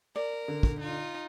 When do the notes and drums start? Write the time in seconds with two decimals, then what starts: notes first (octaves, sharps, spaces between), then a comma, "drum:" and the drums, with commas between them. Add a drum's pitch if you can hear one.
0.16 A#4 D5
0.48 D3
0.63 drum: kick
0.80 D#4 F4